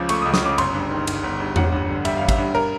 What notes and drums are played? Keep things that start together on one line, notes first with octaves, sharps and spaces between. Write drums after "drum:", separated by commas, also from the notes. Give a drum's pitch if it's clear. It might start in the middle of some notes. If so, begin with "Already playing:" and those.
Already playing: C#2 C#3 F3 D6
A3 C#6, drum: cymbal
D#6
C#2
D#6, drum: snare
C#3 D6
G1 C6, drum: cymbal
G2
D#3
G1, drum: cymbal
G1
G2
A1 F#5, drum: tom E2
G2
D3
G3 E5, drum: cymbal
A1 F5
E5, drum: kick G#1, cymbal
G2
A#4